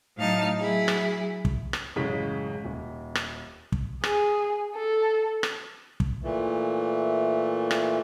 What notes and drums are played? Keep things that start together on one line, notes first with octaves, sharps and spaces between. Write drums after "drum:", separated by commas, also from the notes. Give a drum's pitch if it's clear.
A2 F#3 D#4 F5 A5 F6
F#3 E4 G#4
drum: rim click
drum: kick
drum: rim click
A1 F#2 C#3 G#3 B6
D#1
drum: rim click
drum: kick
G#4, drum: rim click
A4
drum: rim click
drum: kick
A#2 E3 A3
drum: rim click